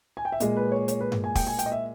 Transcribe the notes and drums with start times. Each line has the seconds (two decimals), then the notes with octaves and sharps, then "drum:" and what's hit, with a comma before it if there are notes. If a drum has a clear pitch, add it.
0.17 G#5
0.25 G5
0.32 E5
0.40 A#2 G#3 D#5, drum: hi-hat
0.57 B4
0.72 C#5
0.88 C#5, drum: hi-hat
1.01 B4
1.12 drum: tom G2
1.24 G#5
1.35 G5, drum: kick, open hi-hat
1.47 G#5
1.59 G5, drum: hi-hat
1.66 D#5
1.72 E5